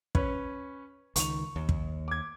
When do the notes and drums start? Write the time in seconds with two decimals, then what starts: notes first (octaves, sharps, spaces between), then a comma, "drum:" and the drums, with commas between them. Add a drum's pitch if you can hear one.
0.15 C#4 B4 C#5, drum: kick
1.16 C#2 D#3 C#6 F7, drum: hi-hat
1.56 D#2
1.69 drum: kick
2.08 D6 G#6